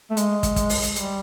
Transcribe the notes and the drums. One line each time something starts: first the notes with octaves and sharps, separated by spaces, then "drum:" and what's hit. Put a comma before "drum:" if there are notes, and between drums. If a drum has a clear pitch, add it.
A3
G#3, drum: hi-hat
drum: kick, hi-hat
drum: kick, hi-hat
drum: open hi-hat
drum: hi-hat
G3, drum: hi-hat